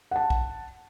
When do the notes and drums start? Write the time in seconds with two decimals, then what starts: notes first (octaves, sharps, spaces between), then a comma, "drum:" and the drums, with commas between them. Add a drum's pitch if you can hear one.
0.11 F#5 A5
0.30 drum: kick